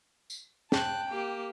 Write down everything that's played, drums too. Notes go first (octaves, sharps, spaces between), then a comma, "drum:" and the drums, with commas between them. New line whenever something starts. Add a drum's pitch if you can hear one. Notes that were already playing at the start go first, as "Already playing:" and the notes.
drum: tambourine
G5 A5 F#6, drum: snare
A#3 G4